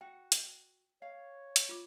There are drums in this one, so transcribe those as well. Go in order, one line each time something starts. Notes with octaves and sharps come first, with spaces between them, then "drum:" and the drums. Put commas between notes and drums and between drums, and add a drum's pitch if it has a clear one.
F#4 G5
drum: hi-hat
C#5 F5
drum: hi-hat
F4 D6